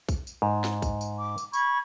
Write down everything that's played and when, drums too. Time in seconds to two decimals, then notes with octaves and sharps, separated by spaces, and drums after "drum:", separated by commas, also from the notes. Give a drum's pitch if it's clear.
0.09 drum: kick A#1, tambourine
0.27 drum: tambourine
0.42 G#2
0.64 drum: snare
0.82 drum: kick A#1, tambourine
1.01 drum: tambourine
1.19 D6
1.38 drum: tambourine
1.53 B5 C#6 G#6, drum: tambourine